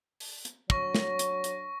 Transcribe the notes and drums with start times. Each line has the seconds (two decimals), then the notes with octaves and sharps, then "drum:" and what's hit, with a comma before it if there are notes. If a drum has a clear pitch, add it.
0.20 drum: open hi-hat
0.45 drum: hi-hat
0.70 F#3 D4 C#5 C#6 A#6, drum: kick
0.95 drum: snare
1.19 drum: hi-hat
1.44 drum: hi-hat